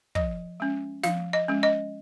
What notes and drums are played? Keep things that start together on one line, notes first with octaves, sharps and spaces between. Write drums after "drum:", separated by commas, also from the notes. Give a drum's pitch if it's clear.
F3 D#5, drum: kick
G#3 C#4
F3 F5, drum: snare
D#5
G#3 C#4
D#5